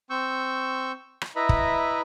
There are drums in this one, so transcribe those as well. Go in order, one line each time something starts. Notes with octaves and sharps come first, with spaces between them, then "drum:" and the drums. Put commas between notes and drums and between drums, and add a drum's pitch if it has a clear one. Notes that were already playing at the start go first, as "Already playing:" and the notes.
C4 C#6 E6 G6
drum: rim click
E4 B4 D#5 E5 A#5 B5
drum: kick